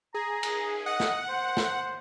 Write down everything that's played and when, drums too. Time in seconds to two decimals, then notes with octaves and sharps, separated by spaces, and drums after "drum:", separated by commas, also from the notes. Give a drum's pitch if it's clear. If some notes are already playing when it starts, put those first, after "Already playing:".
0.14 G#4 A#5
0.43 drum: cymbal
0.86 D#5 F#5
1.00 drum: snare
1.29 C5
1.57 drum: snare